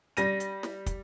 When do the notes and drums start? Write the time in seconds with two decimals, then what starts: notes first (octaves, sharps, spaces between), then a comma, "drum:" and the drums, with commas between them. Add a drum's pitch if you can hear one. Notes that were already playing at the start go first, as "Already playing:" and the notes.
0.17 G3 A#6 D#7, drum: hi-hat
0.40 drum: hi-hat
0.63 drum: snare
0.86 drum: kick, hi-hat